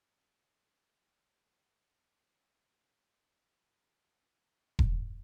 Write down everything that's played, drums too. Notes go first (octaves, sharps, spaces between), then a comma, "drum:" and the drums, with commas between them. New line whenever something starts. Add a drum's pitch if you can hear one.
B3 G#4
D#5 A#5 B5 C#6
D#4 D5 D#5 D6
G5
G#4 A#4 F#5 A5
C#4 D#4 A#5 F6
G#3 B3 D#4 A#4
drum: kick E1